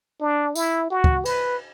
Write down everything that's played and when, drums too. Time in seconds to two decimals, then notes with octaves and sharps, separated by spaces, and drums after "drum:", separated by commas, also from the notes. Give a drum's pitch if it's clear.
0.21 D4
0.55 E4, drum: tambourine
0.90 F#4
1.04 drum: kick C#2
1.25 B4, drum: cymbal